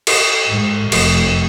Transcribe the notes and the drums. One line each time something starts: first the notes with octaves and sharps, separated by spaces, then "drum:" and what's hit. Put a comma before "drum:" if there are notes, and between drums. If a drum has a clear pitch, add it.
drum: cymbal
G#2
F1, drum: cymbal